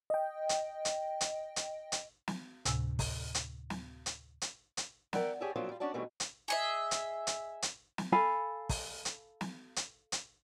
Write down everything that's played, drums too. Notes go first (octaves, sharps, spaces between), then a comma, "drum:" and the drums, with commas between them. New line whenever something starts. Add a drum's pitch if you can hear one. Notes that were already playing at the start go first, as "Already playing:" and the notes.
D#5 G5
drum: hi-hat
drum: hi-hat
drum: hi-hat
drum: hi-hat
drum: hi-hat
drum: snare
D2 A2 C3 G#5 E6, drum: hi-hat
drum: kick, open hi-hat
drum: hi-hat
drum: snare
drum: hi-hat
drum: hi-hat
drum: hi-hat
A#4 D5 E5 F#5 G5, drum: snare
G4 G#4 C#5 D5 E5 A5
F3 F#3 A#3 C4 D4 F4
G3 F4
C#4 D4 F#4 D5 A5
B2 E3 G3 A3 C4 D#4
drum: hi-hat
G#4 D#5 E5
drum: hi-hat
drum: hi-hat
drum: hi-hat
drum: snare
A4 F5 G#5 B5
drum: kick, open hi-hat
drum: hi-hat
drum: snare
drum: hi-hat
drum: hi-hat